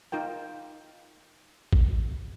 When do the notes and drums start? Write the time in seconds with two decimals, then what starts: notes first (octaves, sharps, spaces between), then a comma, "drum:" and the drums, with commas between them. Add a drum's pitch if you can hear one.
0.12 D#4 F4 A#4 G5
1.73 drum: kick A1